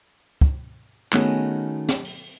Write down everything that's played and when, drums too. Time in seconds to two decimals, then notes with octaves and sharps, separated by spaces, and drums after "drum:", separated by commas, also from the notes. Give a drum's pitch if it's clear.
0.41 drum: kick
1.13 D#3 A3 B3 C#4 F#4 G#4, drum: clap
1.89 drum: snare
2.05 drum: open hi-hat